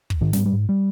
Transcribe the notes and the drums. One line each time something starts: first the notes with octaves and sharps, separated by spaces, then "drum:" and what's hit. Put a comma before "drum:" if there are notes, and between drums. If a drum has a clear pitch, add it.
drum: kick
G#2 D#3
G3, drum: snare
G#2
G3
G#2
G3